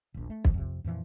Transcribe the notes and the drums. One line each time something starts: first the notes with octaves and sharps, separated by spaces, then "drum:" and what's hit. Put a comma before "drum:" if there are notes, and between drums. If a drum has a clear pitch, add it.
D#1 A#1
A3
drum: kick
F2 C3
F2 A#2 E3 F3